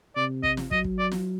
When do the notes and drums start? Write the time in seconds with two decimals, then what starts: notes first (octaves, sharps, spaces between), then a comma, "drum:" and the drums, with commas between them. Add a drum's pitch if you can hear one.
0.16 C3 D5
0.43 D#5, drum: kick
0.57 drum: snare
0.71 F#3 D#5, drum: kick
0.84 drum: kick
0.99 D5
1.12 drum: snare